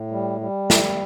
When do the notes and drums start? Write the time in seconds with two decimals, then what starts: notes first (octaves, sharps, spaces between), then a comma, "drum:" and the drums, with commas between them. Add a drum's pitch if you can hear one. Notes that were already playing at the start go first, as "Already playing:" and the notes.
Already playing: A2
0.11 G3
0.41 G3
0.70 drum: snare